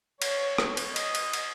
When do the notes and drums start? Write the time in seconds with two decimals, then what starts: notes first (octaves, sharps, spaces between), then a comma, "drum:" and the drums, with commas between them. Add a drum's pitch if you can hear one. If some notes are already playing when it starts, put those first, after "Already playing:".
0.22 C#5, drum: cymbal
0.58 drum: rim click
0.77 drum: cymbal
0.96 D#5, drum: cymbal
1.15 drum: cymbal
1.33 drum: cymbal